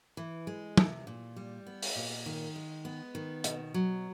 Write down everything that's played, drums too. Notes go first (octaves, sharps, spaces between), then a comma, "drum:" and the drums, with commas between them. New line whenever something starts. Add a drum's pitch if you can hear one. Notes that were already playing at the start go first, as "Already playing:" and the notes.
E3
G#3
C3, drum: tom
A#2
G3
B3
drum: open hi-hat
A#2
D#3
G#3
B3
D#3
B2, drum: hi-hat
F#3